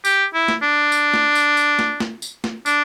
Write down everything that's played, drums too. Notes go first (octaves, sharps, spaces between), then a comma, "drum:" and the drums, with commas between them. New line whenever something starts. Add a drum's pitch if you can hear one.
G4, drum: tambourine
E4
drum: snare
D4
drum: tambourine
drum: snare
drum: tambourine
drum: tambourine
drum: snare
drum: snare
drum: tambourine
drum: snare
D4, drum: tambourine